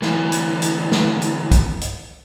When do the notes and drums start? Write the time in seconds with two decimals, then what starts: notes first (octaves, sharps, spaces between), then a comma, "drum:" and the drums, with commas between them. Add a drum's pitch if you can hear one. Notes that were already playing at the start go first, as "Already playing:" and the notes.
0.02 D2 E3, drum: snare
0.32 drum: hi-hat
0.62 drum: hi-hat
0.92 drum: snare
1.22 drum: hi-hat
1.51 drum: kick, hi-hat
1.81 drum: hi-hat